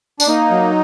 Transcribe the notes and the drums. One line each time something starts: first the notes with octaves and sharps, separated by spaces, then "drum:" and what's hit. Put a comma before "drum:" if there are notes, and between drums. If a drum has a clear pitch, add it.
D4, drum: tambourine
A#3 D#4
F#3